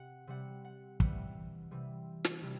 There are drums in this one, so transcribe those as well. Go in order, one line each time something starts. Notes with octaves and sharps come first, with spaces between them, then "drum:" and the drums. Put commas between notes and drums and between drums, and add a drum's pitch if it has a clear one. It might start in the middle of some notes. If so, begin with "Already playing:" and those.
Already playing: C3 F#5
C3 G3 F#5
F#5
C3 E3 G3 F#5, drum: kick
C3 E3 G3
drum: snare
C3 G3